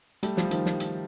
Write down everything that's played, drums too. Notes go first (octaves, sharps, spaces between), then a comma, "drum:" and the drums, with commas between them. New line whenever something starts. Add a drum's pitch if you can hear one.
G3 A3, drum: hi-hat
F3 G3, drum: snare
D#3 F3, drum: hi-hat
drum: snare
drum: hi-hat